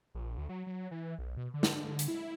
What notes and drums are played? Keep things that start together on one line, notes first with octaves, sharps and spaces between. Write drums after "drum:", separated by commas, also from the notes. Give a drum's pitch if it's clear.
A#1
D2
F#3
F#3
E3
B1
B2
D3
drum: snare
D3
drum: hi-hat
E4